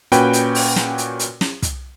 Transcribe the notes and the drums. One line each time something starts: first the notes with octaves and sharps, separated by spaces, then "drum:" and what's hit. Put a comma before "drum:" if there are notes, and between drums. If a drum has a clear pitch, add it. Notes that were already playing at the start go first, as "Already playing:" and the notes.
A#2 C#4 F#4 B4 G5, drum: hi-hat
drum: hi-hat
drum: open hi-hat
drum: snare
drum: hi-hat
drum: hi-hat
drum: snare
drum: kick, hi-hat